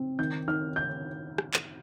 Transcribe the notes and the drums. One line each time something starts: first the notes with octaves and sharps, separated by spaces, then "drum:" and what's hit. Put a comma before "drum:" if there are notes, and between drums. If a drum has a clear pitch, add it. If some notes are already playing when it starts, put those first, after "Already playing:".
Already playing: C4
D#3 G6
D#3 F6
G6
drum: rim click
drum: clap